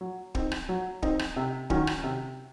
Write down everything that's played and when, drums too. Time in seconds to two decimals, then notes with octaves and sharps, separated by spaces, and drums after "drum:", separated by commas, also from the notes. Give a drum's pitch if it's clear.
0.01 F#3
0.35 C4 D#4, drum: kick
0.52 drum: rim click
0.69 F#3
1.02 C4 D#4, drum: kick
1.19 drum: rim click
1.36 C3
1.70 D#3 F#3 C#4, drum: kick
1.87 drum: rim click
2.04 C3